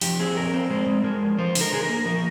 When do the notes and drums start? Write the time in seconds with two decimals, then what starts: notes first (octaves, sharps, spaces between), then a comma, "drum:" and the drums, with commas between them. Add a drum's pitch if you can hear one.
0.01 F2 G4, drum: open hi-hat
0.20 C4 G#4
0.36 F2 A#4
0.53 C4 C5
0.70 G#3 C5
0.87 G#3
1.04 G#3 A#4
1.21 F2
1.38 F3 C5
1.55 D3, drum: open hi-hat
1.61 A#4
1.72 D3 G#4
1.83 A#4
1.89 A#3
2.05 F3 A#4